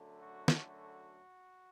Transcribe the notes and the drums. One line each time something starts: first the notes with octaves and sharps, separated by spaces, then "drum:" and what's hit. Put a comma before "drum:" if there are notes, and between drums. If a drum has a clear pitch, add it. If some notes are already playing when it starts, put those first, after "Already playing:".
Already playing: F#2 D3 F#3 A3
F#4
drum: snare
F#4